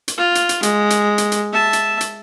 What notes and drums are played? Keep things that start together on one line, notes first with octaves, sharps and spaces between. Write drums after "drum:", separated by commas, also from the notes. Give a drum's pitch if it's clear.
drum: hi-hat
F4
drum: hi-hat
drum: hi-hat
G#3, drum: hi-hat
drum: hi-hat
drum: hi-hat
drum: hi-hat
E5 A5
drum: hi-hat
drum: hi-hat